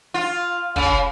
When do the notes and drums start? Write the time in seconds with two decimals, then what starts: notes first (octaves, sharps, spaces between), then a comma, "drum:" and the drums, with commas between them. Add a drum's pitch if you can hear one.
0.14 F4
0.76 C#3, drum: kick